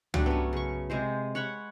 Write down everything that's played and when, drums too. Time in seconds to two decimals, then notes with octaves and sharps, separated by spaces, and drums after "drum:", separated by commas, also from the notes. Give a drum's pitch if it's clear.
0.14 F#3 G3 A3 D4, drum: tom
0.26 B3 C#4
0.53 C#3 C#6
0.90 C3 G#3 C5
1.35 C#5 F#5 B5 C#6